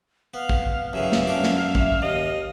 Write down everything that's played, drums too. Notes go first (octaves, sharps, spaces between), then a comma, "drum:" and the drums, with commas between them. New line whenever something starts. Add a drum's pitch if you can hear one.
B3 F5
drum: kick A1
F#2 C#3 E3 E5 F5
drum: snare
F#2 D4 D6
drum: snare
drum: kick A1
D#2 D#5